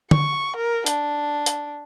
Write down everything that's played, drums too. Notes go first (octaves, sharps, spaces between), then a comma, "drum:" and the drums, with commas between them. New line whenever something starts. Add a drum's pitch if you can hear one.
C#6, drum: tom D3
A#4
D4, drum: hi-hat
drum: hi-hat